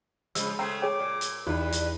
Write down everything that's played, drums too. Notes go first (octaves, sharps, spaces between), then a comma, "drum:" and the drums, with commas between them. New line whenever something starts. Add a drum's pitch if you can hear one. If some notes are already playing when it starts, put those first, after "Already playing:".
C#3 F3 G#3 D#5 E6 G#6, drum: hi-hat
C#3 A3 C5 G5 A#5 E6
G#4 C#5 G5 D6
A#2
drum: hi-hat
E2 G2 D#4 F4 B4
drum: hi-hat